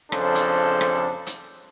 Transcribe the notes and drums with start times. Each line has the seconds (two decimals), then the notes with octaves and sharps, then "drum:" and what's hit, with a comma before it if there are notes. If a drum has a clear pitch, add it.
0.12 F2 C#3 D4 A4 C5, drum: rim click
0.35 drum: hi-hat
0.81 drum: rim click
1.27 drum: hi-hat